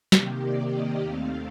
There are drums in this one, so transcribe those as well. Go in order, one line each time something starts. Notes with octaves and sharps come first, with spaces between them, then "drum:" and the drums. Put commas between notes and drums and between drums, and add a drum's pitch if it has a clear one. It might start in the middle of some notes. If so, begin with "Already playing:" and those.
C3 D#3 A#3 G4, drum: snare
D5
D#5
D#2 D#3 A3 C4 F5